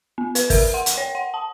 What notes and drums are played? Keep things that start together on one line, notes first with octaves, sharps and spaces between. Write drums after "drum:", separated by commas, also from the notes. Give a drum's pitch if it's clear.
B3
B4, drum: hi-hat
A#4, drum: kick, open hi-hat
F#5
drum: hi-hat
C#5
F#5
A5